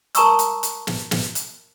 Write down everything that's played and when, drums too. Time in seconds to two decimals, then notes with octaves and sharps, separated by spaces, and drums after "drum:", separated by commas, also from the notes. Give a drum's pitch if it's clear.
0.15 A#4 A5 A#5 C#6 D#6 E6, drum: hi-hat
0.39 drum: hi-hat
0.63 drum: hi-hat
0.87 drum: snare
1.11 drum: snare
1.35 drum: hi-hat